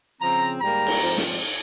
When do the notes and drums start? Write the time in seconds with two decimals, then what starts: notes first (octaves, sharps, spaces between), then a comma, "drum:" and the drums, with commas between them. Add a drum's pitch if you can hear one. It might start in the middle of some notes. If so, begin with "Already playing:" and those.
0.21 C#3 F3 C4 A#5
0.61 G#2 G3 A#3 A#5
0.87 drum: cymbal
1.01 G#2 F3 C4
1.18 drum: snare